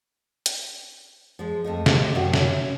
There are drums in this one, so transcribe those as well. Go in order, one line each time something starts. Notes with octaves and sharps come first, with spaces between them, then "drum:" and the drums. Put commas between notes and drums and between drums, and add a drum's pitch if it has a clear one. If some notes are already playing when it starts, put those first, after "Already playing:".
drum: hi-hat
F3 G#3
F2 A3 D#5
D#2 G4 A4 D5 D#5, drum: snare
F#2 D#3 F#3 F4 F#4 E5
C#4 E5, drum: snare